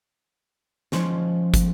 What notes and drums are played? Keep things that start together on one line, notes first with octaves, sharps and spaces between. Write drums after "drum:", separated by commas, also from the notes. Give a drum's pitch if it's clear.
F3 G#3 C#4, drum: snare
drum: kick, hi-hat